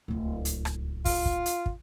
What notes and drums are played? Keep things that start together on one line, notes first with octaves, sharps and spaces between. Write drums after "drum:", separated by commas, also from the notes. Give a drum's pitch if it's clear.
D1 C#2
drum: hi-hat
drum: rim click
F4, drum: kick, open hi-hat
drum: kick
drum: hi-hat
drum: kick